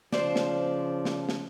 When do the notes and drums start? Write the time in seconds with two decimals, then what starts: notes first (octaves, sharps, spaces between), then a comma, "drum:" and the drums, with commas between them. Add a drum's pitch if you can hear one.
0.12 C#3 F3 D4 C5, drum: snare
0.36 drum: snare
1.05 drum: snare
1.29 drum: snare